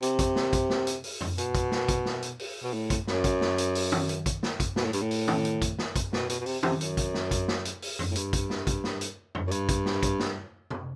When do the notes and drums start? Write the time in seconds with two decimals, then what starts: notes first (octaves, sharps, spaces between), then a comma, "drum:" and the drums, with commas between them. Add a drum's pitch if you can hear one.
0.02 C3, drum: hi-hat
0.19 drum: kick, hi-hat
0.36 drum: snare
0.53 drum: kick, hi-hat
0.70 drum: snare
0.87 drum: hi-hat
1.04 drum: open hi-hat
1.21 drum: tom F2
1.38 B2, drum: hi-hat
1.55 drum: kick, hi-hat
1.72 drum: snare
1.88 drum: kick, hi-hat
2.05 drum: snare
2.22 drum: hi-hat
2.39 drum: open hi-hat
2.63 B2
2.73 A2
2.90 drum: kick, hi-hat
3.07 F#2, drum: snare
3.24 drum: kick, hi-hat
3.41 drum: snare
3.58 drum: hi-hat
3.75 drum: open hi-hat
3.92 drum: tom
4.09 drum: hi-hat
4.26 drum: kick, hi-hat
4.43 drum: snare
4.60 drum: kick, hi-hat
4.76 B2, drum: snare
4.85 A2
4.93 G2, drum: hi-hat
5.02 A2
5.11 drum: open hi-hat
5.28 drum: tom
5.45 drum: hi-hat
5.62 drum: kick, hi-hat
5.79 drum: snare
5.96 drum: kick, hi-hat
6.13 B2, drum: snare
6.29 B2, drum: hi-hat
6.40 B2
6.46 C3, drum: open hi-hat
6.63 C3, drum: tom
6.81 F#2, drum: hi-hat
6.97 drum: kick, hi-hat
7.14 drum: snare
7.31 drum: kick, hi-hat
7.48 drum: snare
7.65 drum: hi-hat
7.82 drum: open hi-hat
7.99 drum: tom F2
8.11 A2
8.15 G2, drum: hi-hat
8.33 drum: kick, hi-hat
8.50 drum: snare
8.67 drum: kick, hi-hat
8.84 drum: snare
9.01 drum: hi-hat
9.35 drum: tom F2
9.47 F#2
9.51 G2, drum: hi-hat
9.69 drum: kick, hi-hat
9.86 drum: snare
10.03 drum: kick, hi-hat
10.20 drum: snare
10.70 drum: tom C3